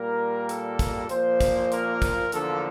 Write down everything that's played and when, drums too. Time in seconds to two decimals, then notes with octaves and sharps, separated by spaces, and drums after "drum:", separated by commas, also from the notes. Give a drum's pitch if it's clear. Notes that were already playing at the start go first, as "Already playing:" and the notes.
Already playing: A#2 G3 A#3 A#4
0.49 A4, drum: hi-hat
0.79 drum: kick, hi-hat
1.09 A#2 F3 A#3 C5, drum: hi-hat
1.41 drum: kick, hi-hat
1.72 A#4, drum: hi-hat
2.02 drum: kick, hi-hat
2.32 E2 D3 F3 A#3 A4, drum: hi-hat